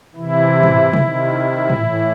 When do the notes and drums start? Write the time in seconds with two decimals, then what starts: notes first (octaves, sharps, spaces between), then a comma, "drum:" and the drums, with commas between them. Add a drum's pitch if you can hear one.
0.16 C3 E3 E4
0.63 drum: tom
0.93 C3 D#3, drum: tom
1.70 A2 E3, drum: tom